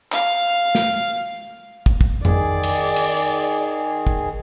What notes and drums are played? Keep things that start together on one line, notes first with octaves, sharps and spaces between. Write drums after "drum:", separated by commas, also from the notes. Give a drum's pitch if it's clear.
F5, drum: clap
drum: snare
drum: kick
drum: kick
D#3 G#4 D5, drum: tom F2
drum: cymbal
drum: cymbal
drum: kick